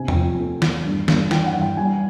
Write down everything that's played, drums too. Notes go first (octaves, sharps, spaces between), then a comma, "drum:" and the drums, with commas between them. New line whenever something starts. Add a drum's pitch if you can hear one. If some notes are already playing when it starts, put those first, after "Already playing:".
Already playing: C3 G#5
G5, drum: tom E2
F3
A3
E2, drum: snare
G2
G2, drum: snare
E3 G5, drum: snare
F#5
G2
G5
G3 G#5